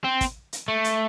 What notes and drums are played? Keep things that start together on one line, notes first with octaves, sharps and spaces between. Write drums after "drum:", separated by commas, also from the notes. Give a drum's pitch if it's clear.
C4
drum: kick, hi-hat
drum: hi-hat
A3
drum: hi-hat